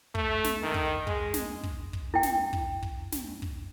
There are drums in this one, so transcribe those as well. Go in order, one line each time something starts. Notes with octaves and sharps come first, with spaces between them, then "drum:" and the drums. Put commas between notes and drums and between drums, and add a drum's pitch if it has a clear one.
A3, drum: kick
drum: snare
D#3
drum: kick
G#3, drum: kick
drum: snare
drum: kick
drum: kick
E4 G5
drum: snare
drum: kick
drum: kick
drum: snare
drum: kick